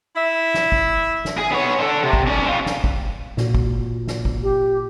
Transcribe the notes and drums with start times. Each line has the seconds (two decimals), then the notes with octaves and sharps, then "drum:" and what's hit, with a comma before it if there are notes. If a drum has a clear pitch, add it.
0.15 E4 E5
0.54 drum: snare
0.72 drum: kick
1.25 drum: snare
1.38 G#4
1.52 B3 C#5
1.80 D3 A4
2.03 C3
2.13 drum: kick
2.27 C#4 D5
2.46 C4 F4
2.66 drum: snare
2.84 drum: kick
3.37 A#2 F#4, drum: snare
3.55 drum: kick
4.07 drum: snare
4.25 drum: kick
4.43 G4